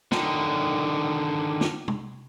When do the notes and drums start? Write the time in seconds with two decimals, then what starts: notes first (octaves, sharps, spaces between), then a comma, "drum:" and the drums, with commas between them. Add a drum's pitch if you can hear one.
0.12 D3 D#3, drum: snare
1.61 drum: snare
1.88 drum: tom